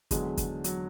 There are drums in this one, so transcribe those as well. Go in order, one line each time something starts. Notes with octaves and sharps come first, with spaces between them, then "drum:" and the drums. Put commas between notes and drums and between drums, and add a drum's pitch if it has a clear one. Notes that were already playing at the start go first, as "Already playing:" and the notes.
E2 D3 F#3 G#3, drum: kick, hi-hat
drum: kick, hi-hat
F#3, drum: hi-hat